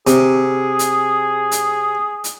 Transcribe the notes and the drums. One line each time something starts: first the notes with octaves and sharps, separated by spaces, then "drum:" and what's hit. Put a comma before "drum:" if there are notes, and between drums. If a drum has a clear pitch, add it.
C3 G#4, drum: hi-hat
drum: hi-hat
drum: hi-hat
drum: hi-hat